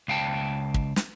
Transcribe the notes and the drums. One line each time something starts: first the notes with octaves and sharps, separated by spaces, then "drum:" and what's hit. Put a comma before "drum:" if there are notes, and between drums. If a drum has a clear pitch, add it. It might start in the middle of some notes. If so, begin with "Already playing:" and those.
C#2 F5 G5 A5
drum: kick
drum: snare